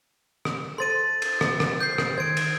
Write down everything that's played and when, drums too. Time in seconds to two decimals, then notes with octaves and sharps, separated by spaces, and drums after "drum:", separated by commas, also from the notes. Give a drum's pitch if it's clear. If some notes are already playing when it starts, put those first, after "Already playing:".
0.45 drum: rim click
0.78 A4 C5 C6 A6 D#7
1.22 drum: cymbal
1.41 drum: rim click
1.60 drum: rim click
1.80 G6 C7
1.98 drum: rim click
2.18 D#3 C5 G#6 D7
2.37 drum: cymbal